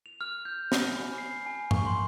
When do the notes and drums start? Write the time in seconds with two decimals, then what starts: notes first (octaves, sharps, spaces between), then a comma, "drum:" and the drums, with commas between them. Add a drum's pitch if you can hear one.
0.06 F7
0.21 F6
0.45 G6
0.72 B5, drum: snare
0.98 G#5
1.18 C7
1.46 G#5
1.71 C#6, drum: tom G2
1.86 C6